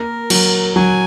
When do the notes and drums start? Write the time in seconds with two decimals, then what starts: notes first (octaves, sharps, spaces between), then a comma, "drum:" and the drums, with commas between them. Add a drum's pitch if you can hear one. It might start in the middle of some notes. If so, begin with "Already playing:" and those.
Already playing: A#3 A#4
0.30 F#3, drum: cymbal
0.75 F#3 G#5